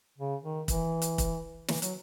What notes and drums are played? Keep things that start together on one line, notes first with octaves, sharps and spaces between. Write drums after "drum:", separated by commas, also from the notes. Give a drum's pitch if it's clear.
C#3
D#3
E3, drum: kick, hi-hat
drum: hi-hat
drum: kick, hi-hat
E3, drum: snare
F#3, drum: hi-hat